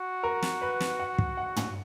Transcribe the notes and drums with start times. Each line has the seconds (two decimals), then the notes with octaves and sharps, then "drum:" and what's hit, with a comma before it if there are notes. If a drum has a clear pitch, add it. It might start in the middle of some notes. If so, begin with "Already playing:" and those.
Already playing: F#4
0.23 A#4
0.43 drum: snare
0.62 B4
0.80 drum: snare
0.99 F#5
1.18 drum: kick
1.37 F#5
1.56 drum: tom